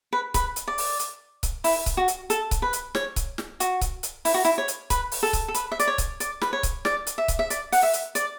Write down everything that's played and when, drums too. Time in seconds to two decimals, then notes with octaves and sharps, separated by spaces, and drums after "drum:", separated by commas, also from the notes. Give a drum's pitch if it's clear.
0.13 B4
0.34 B4, drum: kick C#1, hi-hat
0.56 drum: hi-hat
0.68 D5
0.78 drum: open hi-hat
1.00 drum: hi-hat
1.43 drum: kick C#1, hi-hat
1.64 E4, drum: open hi-hat
1.86 drum: kick C#1, hi-hat
1.97 F#4
2.08 drum: hi-hat
2.30 A4, drum: hi-hat
2.51 drum: kick C#1, hi-hat
2.62 B4
2.73 drum: hi-hat
2.95 C#5, drum: snare
3.16 drum: kick C#1, hi-hat
3.38 drum: snare
3.60 F#4, drum: hi-hat
3.81 drum: kick C#1, hi-hat
4.03 drum: hi-hat
4.25 E4, drum: open hi-hat
4.34 F#4
4.45 E4, drum: hi-hat
4.58 C#5
4.68 drum: hi-hat
4.90 B4, drum: kick C#1, hi-hat
5.12 drum: open hi-hat
5.23 A4
5.33 drum: kick C#1, hi-hat
5.48 A4
5.55 B4, drum: hi-hat
5.72 E5
5.80 D5, drum: hi-hat
5.87 C#5
5.98 drum: kick C#1, hi-hat
6.20 D5, drum: hi-hat
6.42 B4, drum: snare
6.53 C#5
6.63 drum: kick C#1, hi-hat
6.85 D5, drum: snare
7.07 drum: hi-hat
7.18 E5
7.28 drum: kick C#1, hi-hat
7.39 E5
7.50 D5, drum: hi-hat
7.72 F#5, drum: open hi-hat
7.83 E5
7.93 drum: hi-hat
8.15 D5, drum: hi-hat